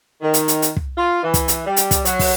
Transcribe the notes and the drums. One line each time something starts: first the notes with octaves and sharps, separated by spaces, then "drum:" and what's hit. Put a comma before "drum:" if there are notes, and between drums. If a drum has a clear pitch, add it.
D#3
drum: hi-hat
drum: hi-hat
drum: hi-hat
drum: kick
F4
E3
drum: kick, hi-hat
drum: hi-hat
G3
drum: hi-hat
drum: kick, hi-hat
F#3, drum: hi-hat
drum: kick, open hi-hat